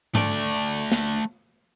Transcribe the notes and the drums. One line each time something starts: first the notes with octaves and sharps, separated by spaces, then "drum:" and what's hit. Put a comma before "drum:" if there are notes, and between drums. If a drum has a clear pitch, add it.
A3 D5, drum: tom G#2
drum: snare